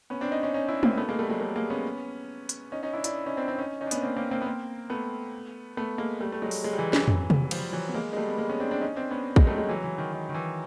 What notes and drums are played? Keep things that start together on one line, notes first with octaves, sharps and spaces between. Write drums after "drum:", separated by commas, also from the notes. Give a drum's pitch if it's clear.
B3 C#4
C4 D4
C#4 D#4
C#4 D#4
C#4 D#4
D4 E4
A#3 C4, drum: tom G#3
A3 B3
G#3 A#3
G3 A3
F#3 G#3
G3 A3
G#3 A#3
B3 C#4
drum: hi-hat
C#4 D#4
C#4 D#4
D4 E4
D4 E4, drum: hi-hat
C#4 D#4
C4 D4
C4 D4
C#4 D#4
C#4 D#4
D4
B3 C#4, drum: hi-hat
A#3 C4
A#3 C4
A#3 C4
B3
A#3 C4
A3 B3
A3 B3
G#3 A#3
G3 A3
A3
F#3 G#3
drum: open hi-hat
F#3 G#3
G3
E3 F#3
E3 F#3, drum: snare
drum: tom
drum: tom C3
F3 G3, drum: cymbal
E3 F#3
B3
G#3 A#3
G#3
G3 A3
B3
G#3 A#3
B3 C#4
C4 D4
C4 D4
C#4 D#4
C4 D4
B3 C#4
F#3 G#3, drum: kick
G3 A3
F#3 G#3
E3 F#3
E3
D#3
D#3
D#3
E3